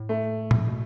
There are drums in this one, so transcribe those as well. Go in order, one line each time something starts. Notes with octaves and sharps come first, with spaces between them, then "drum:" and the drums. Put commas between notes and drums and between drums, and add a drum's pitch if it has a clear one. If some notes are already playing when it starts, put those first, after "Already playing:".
Already playing: A2
A3
drum: tom A2
B2